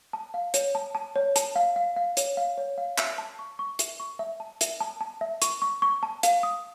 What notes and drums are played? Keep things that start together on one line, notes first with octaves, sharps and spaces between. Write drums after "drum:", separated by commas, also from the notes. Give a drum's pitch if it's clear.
A5
F5
C#5, drum: hi-hat
A5
A5
C#5
A5, drum: hi-hat
F5
F5
F5
C#5, drum: hi-hat
F5
C#5
F5
E5, drum: clap
A5
C#6
C#6
E5, drum: hi-hat
C#6
E5
A5
E5, drum: hi-hat
A5
A5
E5
C#6, drum: hi-hat
C#6
C#6
A5
F5, drum: hi-hat
D#6